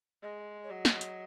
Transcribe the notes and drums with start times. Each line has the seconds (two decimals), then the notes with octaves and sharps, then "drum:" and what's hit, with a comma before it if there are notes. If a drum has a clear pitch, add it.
0.23 G#3 D#5
0.64 C#5
0.70 F#3 D#5
0.85 drum: snare
1.01 drum: hi-hat